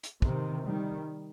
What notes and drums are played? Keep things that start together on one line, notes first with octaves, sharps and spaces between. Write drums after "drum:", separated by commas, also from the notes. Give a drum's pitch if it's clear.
drum: hi-hat
C3 D#3, drum: kick
D#3 G3